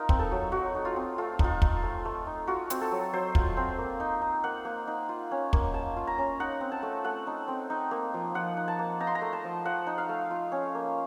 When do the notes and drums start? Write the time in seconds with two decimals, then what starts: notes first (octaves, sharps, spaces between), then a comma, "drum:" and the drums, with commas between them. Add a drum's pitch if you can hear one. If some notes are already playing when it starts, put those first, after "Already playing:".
Already playing: D#4 F4 A#4
0.09 C4, drum: kick
0.19 A4
0.31 F#3
0.52 F#3 F#4
0.75 D#4
0.85 F4
0.96 C4
1.18 A3 F4
1.39 D#4 F4, drum: kick
1.62 D#4, drum: kick
1.83 A3
2.05 A3
2.27 D#4
2.47 F4 F#4
2.70 C4, drum: hi-hat
2.81 A4
2.91 F#3
3.13 F#3 C5
3.35 F4, drum: kick
3.57 C4
3.78 A#3
4.00 D#4
4.22 D#4
4.44 A#3 F#5
4.65 A#3
4.87 D#4
5.09 F4
5.31 C#4
5.53 A#3, drum: kick
5.74 A#3 A5
5.96 F4
6.07 A#5
6.18 C#4
6.40 D#4 F#5
6.61 C4
6.72 A5
6.83 A3
7.04 A3 F#5
7.27 D#4
7.48 C4
7.70 D#4
7.91 A#3
8.14 F3
8.34 F3 F#5
8.57 D#4
8.68 A5
8.79 A#3
9.00 D#4 A#5
9.07 C6
9.15 A#5
9.21 A3
9.33 A5
9.44 F3
9.65 F3 F#5
9.87 D#4
9.98 F5
10.09 A3
10.31 F4
10.52 C#4
10.75 A#3